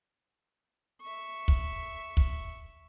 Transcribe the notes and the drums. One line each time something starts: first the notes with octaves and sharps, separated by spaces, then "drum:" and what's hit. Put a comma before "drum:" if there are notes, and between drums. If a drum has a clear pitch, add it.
E5 C#6
drum: kick
drum: kick